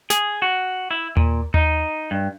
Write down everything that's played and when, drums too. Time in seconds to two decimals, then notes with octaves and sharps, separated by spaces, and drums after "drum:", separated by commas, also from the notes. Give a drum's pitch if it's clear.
0.10 G#4, drum: snare
0.42 F#4
0.91 E4
1.17 A#2, drum: tom D#2
1.54 D#4, drum: tom D#2
2.11 G2